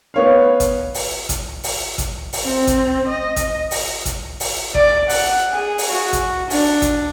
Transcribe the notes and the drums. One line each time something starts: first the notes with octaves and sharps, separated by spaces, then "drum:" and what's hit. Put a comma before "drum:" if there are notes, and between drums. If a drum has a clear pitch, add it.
B3 C#5 F5
drum: kick G#1, hi-hat
drum: open hi-hat
drum: kick G#1, hi-hat
drum: open hi-hat
drum: kick G#1, hi-hat
drum: open hi-hat
C4
drum: kick G#1, hi-hat
D#5
drum: kick G#1, hi-hat
drum: open hi-hat
drum: kick G#1, hi-hat
drum: open hi-hat
D5, drum: kick G#1
F#5, drum: open hi-hat
G#4
drum: open hi-hat
F#4
drum: kick G#1, hi-hat
D4, drum: open hi-hat
drum: kick G#1, hi-hat